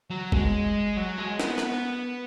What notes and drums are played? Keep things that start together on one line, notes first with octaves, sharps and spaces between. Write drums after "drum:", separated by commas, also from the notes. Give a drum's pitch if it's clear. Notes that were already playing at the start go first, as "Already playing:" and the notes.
F#3
G#3, drum: kick G1
F#3
G#3
B3, drum: snare
drum: snare